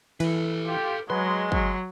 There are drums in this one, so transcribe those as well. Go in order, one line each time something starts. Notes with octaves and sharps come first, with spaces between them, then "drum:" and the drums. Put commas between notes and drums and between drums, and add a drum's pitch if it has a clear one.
E3 A4 B4, drum: cymbal
F4 G4
F#3 G#3 B4 C6
F#3, drum: kick